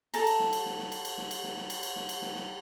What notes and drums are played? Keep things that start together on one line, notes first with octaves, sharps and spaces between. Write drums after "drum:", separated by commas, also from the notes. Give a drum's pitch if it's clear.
A4 A5 A#5, drum: cymbal
drum: cymbal
drum: snare
drum: cymbal
drum: snare
drum: snare
drum: cymbal
drum: cymbal
drum: snare
drum: cymbal
drum: snare
drum: snare
drum: cymbal
drum: cymbal
drum: snare
drum: cymbal
drum: snare
drum: snare